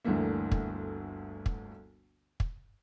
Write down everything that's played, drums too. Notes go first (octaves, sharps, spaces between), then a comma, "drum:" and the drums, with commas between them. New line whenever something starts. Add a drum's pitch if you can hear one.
G1 D2 D3 E3 A3 A#3
drum: kick
drum: kick
drum: kick